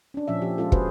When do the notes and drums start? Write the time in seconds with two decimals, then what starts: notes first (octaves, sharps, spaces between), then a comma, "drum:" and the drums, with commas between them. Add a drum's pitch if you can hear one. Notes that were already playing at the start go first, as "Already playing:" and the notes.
0.14 C#4 D4
0.28 A#2 F3 C#4 E5
0.42 F3 G4
0.58 G#3 C#4 F4 A4
0.72 F#4 G#4 B4 C5, drum: kick